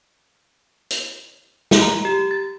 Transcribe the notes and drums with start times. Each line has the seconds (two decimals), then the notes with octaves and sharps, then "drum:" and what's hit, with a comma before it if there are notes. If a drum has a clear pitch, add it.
0.91 drum: hi-hat
1.71 drum: snare
1.82 A#5
2.05 G4
2.31 A6